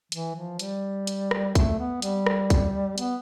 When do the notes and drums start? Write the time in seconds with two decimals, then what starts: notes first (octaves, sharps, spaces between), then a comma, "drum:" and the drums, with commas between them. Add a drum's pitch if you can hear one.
0.12 E3, drum: hi-hat
0.36 F3
0.59 G3, drum: hi-hat
1.07 drum: hi-hat
1.31 drum: rim click
1.55 A3, drum: kick, hi-hat
1.79 B3
2.02 G3, drum: hi-hat
2.26 drum: rim click
2.50 drum: kick, hi-hat
2.98 B3, drum: hi-hat